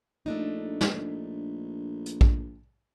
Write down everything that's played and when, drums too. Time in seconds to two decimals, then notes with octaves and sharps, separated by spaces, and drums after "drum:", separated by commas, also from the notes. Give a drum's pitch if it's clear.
0.26 A#1 A3 D4 D#4
0.81 drum: snare
2.06 drum: hi-hat
2.21 drum: kick A#1